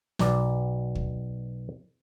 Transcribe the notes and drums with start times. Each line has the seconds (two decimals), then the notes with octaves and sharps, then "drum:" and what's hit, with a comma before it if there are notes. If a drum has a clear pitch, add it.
0.19 B1 B2 D5, drum: snare
0.95 drum: kick D2